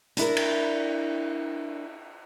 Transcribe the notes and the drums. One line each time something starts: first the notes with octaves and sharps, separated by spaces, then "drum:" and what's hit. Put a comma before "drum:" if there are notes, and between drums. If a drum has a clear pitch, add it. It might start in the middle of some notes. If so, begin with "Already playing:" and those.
D4 E4 A#4, drum: hi-hat
drum: cymbal